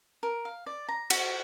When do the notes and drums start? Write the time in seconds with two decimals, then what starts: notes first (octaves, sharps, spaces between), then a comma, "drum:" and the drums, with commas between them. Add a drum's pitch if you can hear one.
0.23 A#4
0.45 F5
0.66 D5
0.89 A#5
1.10 F#4, drum: cymbal